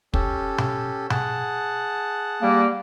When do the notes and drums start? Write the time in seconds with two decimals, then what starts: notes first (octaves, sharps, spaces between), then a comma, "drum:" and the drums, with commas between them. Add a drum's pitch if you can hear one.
0.14 C#4 G4 A4, drum: kick
0.58 drum: tom B2
1.10 G#4 F#5 A5, drum: tom B2
2.42 G3 A#3